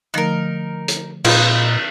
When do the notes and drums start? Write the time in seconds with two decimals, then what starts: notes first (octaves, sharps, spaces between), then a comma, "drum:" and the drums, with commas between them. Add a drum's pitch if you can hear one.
0.14 D3 F3 A3 D#4 A#4
0.88 drum: hi-hat
1.25 A#2 C4 D#4 F4 G#4 B4 D#5, drum: cymbal